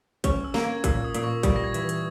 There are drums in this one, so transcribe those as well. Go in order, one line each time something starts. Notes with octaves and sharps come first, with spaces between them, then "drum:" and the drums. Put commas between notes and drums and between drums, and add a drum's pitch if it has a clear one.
C#4 C#6, drum: kick, hi-hat
E6
A#3 A#6, drum: snare
G#6
A#2 E6, drum: kick, hi-hat
D#6
A#2, drum: hi-hat
C#6
G3 D#6, drum: kick, hi-hat
A#6
G#6
E3, drum: hi-hat
drum: hi-hat